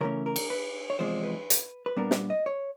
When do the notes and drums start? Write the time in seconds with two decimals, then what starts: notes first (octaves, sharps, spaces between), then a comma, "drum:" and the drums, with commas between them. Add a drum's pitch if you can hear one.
0.01 C#3 E3 A3 C#4 A#4
0.26 A#4
0.36 drum: cymbal
0.50 B4
0.90 C#5
0.99 E2 C3 F3 G#3 C5
1.24 B4
1.50 drum: hi-hat
1.86 B4
1.96 A#2 G3 B3 D4 A#4
2.11 drum: snare
2.30 D#5
2.46 C#5